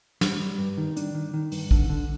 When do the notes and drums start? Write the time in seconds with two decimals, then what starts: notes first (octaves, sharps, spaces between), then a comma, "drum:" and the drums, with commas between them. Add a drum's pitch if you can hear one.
0.21 G3, drum: snare
0.39 G3
0.58 G2
0.78 D#3
0.97 D4, drum: hi-hat
1.15 D#3
1.34 D#3
1.52 G2, drum: open hi-hat
1.71 D3, drum: kick
1.89 D3